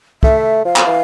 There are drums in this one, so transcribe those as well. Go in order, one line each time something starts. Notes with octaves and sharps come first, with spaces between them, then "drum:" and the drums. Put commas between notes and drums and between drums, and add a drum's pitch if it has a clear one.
A3 E5, drum: kick
F3 F5
drum: clap
E3